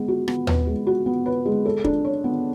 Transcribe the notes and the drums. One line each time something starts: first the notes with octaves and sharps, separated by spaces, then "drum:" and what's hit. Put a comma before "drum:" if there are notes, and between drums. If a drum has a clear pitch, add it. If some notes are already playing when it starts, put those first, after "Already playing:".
Already playing: G#3 B3
F#4
B3, drum: rim click
B4, drum: tom D#2
G#3
F#4
B3
B4
G#3
A4
D4, drum: kick
C#5
B3